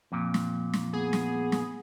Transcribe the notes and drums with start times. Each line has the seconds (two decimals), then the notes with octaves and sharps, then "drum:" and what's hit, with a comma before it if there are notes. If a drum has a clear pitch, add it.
0.12 F2 A#2
0.34 drum: snare
0.73 drum: snare
0.93 B3 G#4
1.13 drum: snare
1.52 drum: snare